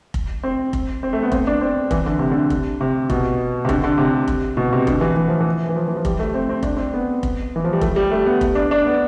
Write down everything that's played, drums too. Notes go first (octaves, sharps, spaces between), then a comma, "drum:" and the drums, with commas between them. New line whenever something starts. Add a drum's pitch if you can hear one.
drum: kick F1
C4
drum: kick F1
C4
A3
B3
C4, drum: kick F1
D4
C4
E3, drum: kick F1
D3
C3
D3
drum: kick F1
C3
B2, drum: kick F1
C3
D3, drum: kick F1
D3
C3
drum: kick F1
B2
C3
D3, drum: kick F1
E3
E3
F3
E3
E3
F3
E3
F3
G3, drum: kick F1
A3
C4
C4
D4, drum: kick F1
C4
B3
drum: kick F1
E3
F3
G3
A3, drum: kick F1
G3
A3
B3
drum: kick F1
D4
D4
B3